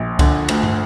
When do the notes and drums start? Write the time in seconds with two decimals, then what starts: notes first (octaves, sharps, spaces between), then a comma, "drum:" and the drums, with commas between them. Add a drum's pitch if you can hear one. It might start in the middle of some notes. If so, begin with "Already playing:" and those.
Already playing: A#1
0.19 D3, drum: kick C2, cymbal
0.48 D2, drum: cymbal
0.63 drum: tom